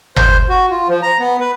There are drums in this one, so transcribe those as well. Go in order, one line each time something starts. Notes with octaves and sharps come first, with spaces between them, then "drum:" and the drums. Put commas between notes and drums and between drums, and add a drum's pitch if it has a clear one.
C5, drum: tom G1
F#4
F4
F3
A#5
B3
B4